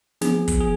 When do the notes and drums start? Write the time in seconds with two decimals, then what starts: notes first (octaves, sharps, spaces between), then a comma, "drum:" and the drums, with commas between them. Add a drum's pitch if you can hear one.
0.21 F3 B3 G#4, drum: snare
0.48 drum: kick, hi-hat
0.60 G#4